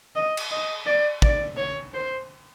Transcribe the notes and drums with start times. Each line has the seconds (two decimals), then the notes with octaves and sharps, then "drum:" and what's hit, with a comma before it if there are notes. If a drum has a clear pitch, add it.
0.16 D#5
0.37 drum: cymbal
0.51 D#5
0.86 D5
1.22 D5, drum: kick
1.57 C#5
1.94 C5